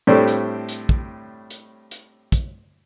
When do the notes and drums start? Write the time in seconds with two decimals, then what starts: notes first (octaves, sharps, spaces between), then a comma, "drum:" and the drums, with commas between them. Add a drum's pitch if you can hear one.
0.07 A2 G3 A3 C4 D4
0.28 drum: hi-hat
0.69 drum: hi-hat
0.89 drum: kick
1.50 drum: hi-hat
1.91 drum: hi-hat
2.32 drum: kick, hi-hat